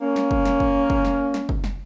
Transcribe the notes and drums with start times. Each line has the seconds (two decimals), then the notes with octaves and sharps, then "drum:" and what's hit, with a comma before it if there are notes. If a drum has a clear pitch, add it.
0.01 A#3 C#4
0.16 drum: snare
0.31 drum: kick
0.45 drum: snare
0.60 drum: kick
0.90 drum: kick
1.05 drum: snare
1.34 drum: snare
1.49 drum: kick
1.64 drum: snare